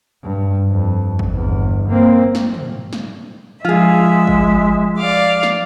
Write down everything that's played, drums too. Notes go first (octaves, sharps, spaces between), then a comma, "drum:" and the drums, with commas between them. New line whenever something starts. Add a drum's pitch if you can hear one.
G2
F2
drum: kick G1
G1 E2
A#3 C4
drum: snare
drum: tom
drum: snare
F3 G#3 F4 G#4 E5
drum: kick G1
D5 F5 D6
drum: snare